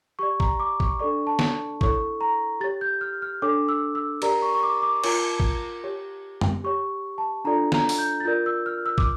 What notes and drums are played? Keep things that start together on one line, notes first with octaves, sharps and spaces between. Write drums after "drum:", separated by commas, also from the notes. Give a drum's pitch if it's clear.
G4 D5 C#6
A#5, drum: kick
D6
C#6, drum: kick
D4 A4 D5 C#6
A5
drum: snare
E4 A4 C#5 C#6, drum: kick
A#5
G4 C#5 A6
G6
F6
F6
D4 A4 C#5 D6
E6
E6
G4 A#4 D5 A#5, drum: cymbal
C#6
C#6
D6
D6
F4 A#4 C#5, drum: cymbal
drum: kick
G4 C#5
drum: tom F#2
G4 C#5 C#6
A5
D4 F4 A4 D5 A#5
A#5, drum: snare
drum: open hi-hat
G6
A6
F4 A#4 D5 G6
E6
F6
E6
D6, drum: kick